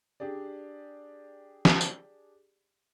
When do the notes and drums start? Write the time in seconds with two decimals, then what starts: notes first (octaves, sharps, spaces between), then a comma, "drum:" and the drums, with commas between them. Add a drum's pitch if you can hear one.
0.20 D4 G4 G#4 D5
1.65 drum: snare
1.81 drum: tambourine